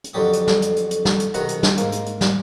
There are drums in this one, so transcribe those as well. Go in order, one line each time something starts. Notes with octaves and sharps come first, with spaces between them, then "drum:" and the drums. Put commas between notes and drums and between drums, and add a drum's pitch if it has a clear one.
drum: hi-hat
F2 D3 F#3 G4 D#6
drum: hi-hat
drum: snare
drum: hi-hat
drum: hi-hat
drum: hi-hat
drum: snare
drum: hi-hat
B1 C3 D#3 D#5 F#5 A#5, drum: hi-hat
drum: hi-hat
drum: snare
G#2 A#3, drum: hi-hat
drum: hi-hat
drum: hi-hat
drum: snare